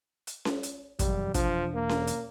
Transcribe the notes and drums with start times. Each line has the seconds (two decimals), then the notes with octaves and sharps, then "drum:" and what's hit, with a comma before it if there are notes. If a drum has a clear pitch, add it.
0.27 drum: hi-hat
0.45 drum: snare C#4
0.63 drum: hi-hat
0.99 E1 F#2 G3, drum: kick, hi-hat
1.34 E1 F3 D4, drum: kick, hi-hat
1.75 A#3
1.89 drum: snare C#4
2.07 drum: hi-hat